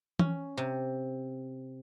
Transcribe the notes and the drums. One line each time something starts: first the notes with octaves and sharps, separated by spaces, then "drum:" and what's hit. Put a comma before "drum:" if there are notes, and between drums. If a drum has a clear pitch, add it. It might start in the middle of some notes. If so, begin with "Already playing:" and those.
C#4, drum: tom E3
C3